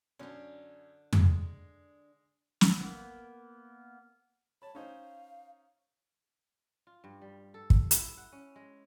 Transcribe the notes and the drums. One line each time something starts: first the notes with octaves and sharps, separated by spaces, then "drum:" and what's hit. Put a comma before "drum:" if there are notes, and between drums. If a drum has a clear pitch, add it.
F#2 D3 C#4 D4
G#3, drum: tom F2
drum: snare
A#3 B3
C#5 A5 B5
C#4 D#4 C5 F5
F4
G2
G3
A4
drum: kick
E4, drum: hi-hat
F#5
C#4
G#3